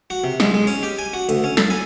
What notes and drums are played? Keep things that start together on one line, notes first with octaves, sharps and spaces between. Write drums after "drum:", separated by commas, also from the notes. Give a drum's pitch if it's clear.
F#4
C3
G#3, drum: snare
G#3
C#4, drum: open hi-hat
G4
G#5
F#4
D2, drum: hi-hat
C#4
A4, drum: snare
G#5